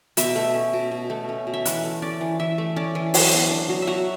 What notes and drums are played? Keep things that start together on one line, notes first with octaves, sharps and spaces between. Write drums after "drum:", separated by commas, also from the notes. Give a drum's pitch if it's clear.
B2 E5, drum: hi-hat
A3
C#4
B2
B2
A3
C#4
B2
E5
E3 F#5, drum: hi-hat
A3
C#4 D5
E3
E3 E5
A3
C#4 D5
E3
F#3, drum: open hi-hat
B3
D4
F#3
E5
F#3 F#5